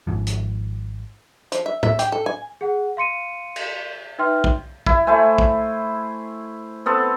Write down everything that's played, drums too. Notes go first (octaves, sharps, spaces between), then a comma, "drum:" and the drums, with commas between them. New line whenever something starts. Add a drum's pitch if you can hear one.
G#1 G#2 F3
drum: hi-hat
F3, drum: hi-hat
E5
E5, drum: tom A2
G4, drum: hi-hat
A4
G#5
G#4 F#5
F5 C6 C#7 D#7
drum: cymbal
D#4 B4 E5 G5 C6 F6
drum: kick
E4, drum: kick
A3 E4 C5 G#5
drum: kick
B3 C4 A4